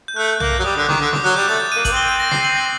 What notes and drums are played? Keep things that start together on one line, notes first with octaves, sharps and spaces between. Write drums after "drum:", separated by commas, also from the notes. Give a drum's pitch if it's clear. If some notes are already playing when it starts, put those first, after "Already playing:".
G6
A3 F#6
A#3 G6, drum: tom B1
F#3
G3 D#6
D3
D#3 D6, drum: snare
D3
D#6, drum: snare
F#3 F#6
G3 G6
A3 A6
G6
A#3 D#7
A#3 F#7, drum: kick G#1, hi-hat
C4 G7
D#7
A#6
C7, drum: snare
F#7